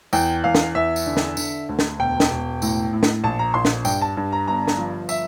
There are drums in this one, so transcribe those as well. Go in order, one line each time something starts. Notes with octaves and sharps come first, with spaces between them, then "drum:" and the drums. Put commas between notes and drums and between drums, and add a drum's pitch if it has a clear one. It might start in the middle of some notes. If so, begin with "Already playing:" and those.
E2 G5, drum: tambourine
E2 F5
drum: snare
E2 E5
drum: tambourine
D3
drum: snare
D3, drum: tambourine
D2
drum: snare
E1 G5
drum: snare
E1
A2, drum: tambourine
A2
drum: snare
A#1 A5
A#5
A#1 C6
drum: snare
G2 G5, drum: tambourine
A5
G2
A#5
G1 A#5
A#5, drum: snare
F3
E5, drum: tambourine